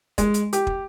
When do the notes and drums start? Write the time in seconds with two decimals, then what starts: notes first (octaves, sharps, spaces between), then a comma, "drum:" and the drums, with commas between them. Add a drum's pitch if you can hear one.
0.18 G#3, drum: kick, hi-hat
0.34 drum: hi-hat
0.53 G4, drum: hi-hat
0.67 drum: kick